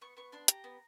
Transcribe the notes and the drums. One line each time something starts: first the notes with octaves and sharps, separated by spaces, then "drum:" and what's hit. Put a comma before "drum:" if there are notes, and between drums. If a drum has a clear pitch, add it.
B3 C#6
B3 C#6
D4 C6
G4 A#5, drum: hi-hat
B3